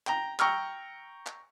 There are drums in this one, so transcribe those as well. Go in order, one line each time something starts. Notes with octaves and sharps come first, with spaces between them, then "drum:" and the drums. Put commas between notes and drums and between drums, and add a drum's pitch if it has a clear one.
G5 A#5, drum: clap
G5 A#5 C#6 E6 F6, drum: clap
drum: clap